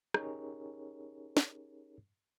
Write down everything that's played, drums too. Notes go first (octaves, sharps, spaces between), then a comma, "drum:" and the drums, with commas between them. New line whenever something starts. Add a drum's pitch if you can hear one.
C#4 D#4 G4 G#4 A#4 C#5, drum: rim click
drum: snare